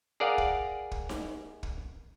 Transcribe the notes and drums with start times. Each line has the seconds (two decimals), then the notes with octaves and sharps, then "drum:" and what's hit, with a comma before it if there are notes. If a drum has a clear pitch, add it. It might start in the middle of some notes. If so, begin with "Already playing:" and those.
0.20 G#4 A#4 D5 F5 F#5
0.38 drum: kick
0.91 drum: kick
1.09 drum: snare D#4
1.63 drum: kick